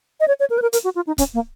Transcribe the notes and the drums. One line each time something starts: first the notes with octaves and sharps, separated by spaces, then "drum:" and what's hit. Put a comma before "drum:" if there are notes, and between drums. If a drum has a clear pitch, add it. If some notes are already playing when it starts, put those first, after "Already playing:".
D#5
C#5
C#5
A#4
B4
A#4
A#4, drum: hi-hat
F#4
F4
D#4
C#4, drum: kick, hi-hat
A#3